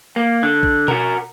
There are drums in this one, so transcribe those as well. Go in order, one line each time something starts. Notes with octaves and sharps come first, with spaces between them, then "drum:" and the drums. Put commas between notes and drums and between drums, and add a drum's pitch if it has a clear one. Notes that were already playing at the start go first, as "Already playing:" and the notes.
A#3
D3
drum: kick A#1
F#4 A#4, drum: tom B2